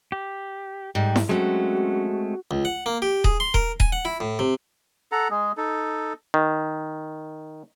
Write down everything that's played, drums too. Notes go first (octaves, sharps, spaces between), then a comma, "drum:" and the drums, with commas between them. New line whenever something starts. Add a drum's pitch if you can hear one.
G4
G#2 G3 G5
drum: snare E4
F#3 G#3 A3 C4 C#4 F#4
C#2
F#5
A#3
G4
G#4, drum: kick D#1
C6
A#4, drum: kick D#1
G#5, drum: kick D#1
F#5
E4
A2
C3
A4 F#5 A#5
G#3 G#4
D#4 A4
D#3